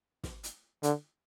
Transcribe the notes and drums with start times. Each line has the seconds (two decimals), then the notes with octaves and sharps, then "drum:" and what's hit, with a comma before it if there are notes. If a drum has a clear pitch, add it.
0.24 drum: snare
0.43 drum: hi-hat
0.83 D3, drum: hi-hat